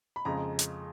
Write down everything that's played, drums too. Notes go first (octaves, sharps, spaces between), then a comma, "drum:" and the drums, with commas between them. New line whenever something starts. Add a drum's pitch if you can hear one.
B5
F2 C#3 G#3 A#5
drum: hi-hat